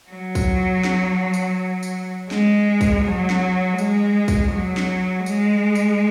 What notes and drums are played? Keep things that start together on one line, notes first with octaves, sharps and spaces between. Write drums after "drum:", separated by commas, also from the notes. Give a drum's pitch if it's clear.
F#3
drum: kick B1, tambourine
drum: snare
drum: tambourine
drum: tambourine
G#3, drum: snare
drum: kick B1, tambourine
F#3
drum: snare
G#3, drum: tambourine
drum: kick B1, tambourine
F#3
drum: snare
G#3, drum: tambourine
drum: tambourine